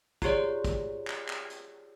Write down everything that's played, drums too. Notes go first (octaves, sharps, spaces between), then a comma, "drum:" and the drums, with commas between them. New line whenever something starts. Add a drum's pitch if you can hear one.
F4 G4 G#4 C#5 D5, drum: kick, hi-hat
drum: kick, hi-hat
drum: clap
drum: clap
drum: hi-hat